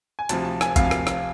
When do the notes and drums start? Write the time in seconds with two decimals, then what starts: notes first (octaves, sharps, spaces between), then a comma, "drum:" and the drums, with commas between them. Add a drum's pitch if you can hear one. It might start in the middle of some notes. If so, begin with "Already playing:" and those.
0.19 G#5
0.29 D2 C3 F3 A5, drum: hi-hat
0.45 A5
0.61 G#5, drum: rim click
0.76 D2 C3 F3 F5, drum: kick, hi-hat
0.91 drum: rim click
1.07 drum: rim click